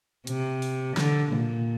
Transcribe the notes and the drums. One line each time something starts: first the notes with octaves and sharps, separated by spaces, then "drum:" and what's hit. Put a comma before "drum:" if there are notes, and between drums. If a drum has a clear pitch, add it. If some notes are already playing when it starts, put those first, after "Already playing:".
C3, drum: hi-hat
drum: open hi-hat
D3, drum: snare
A#2, drum: tom